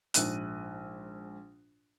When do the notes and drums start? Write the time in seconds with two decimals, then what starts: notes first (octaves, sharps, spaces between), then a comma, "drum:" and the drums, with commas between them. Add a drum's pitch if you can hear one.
0.14 A#1 G#2 F#6 D#7, drum: hi-hat